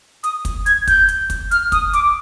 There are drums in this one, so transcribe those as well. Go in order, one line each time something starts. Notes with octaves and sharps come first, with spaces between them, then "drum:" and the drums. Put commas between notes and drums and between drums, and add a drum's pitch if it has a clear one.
D#6, drum: hi-hat
drum: kick, hi-hat
G#6, drum: hi-hat
G6, drum: kick, hi-hat
drum: hi-hat
drum: kick, hi-hat
F6, drum: hi-hat
D#6, drum: kick, hi-hat
D6, drum: hi-hat